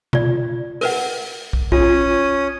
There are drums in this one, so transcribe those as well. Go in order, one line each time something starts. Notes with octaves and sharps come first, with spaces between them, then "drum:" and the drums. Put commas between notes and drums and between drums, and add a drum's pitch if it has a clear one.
F4 D5, drum: tom B2
A#4 B4 F#5, drum: open hi-hat
drum: kick
C#4 F4 D#6, drum: kick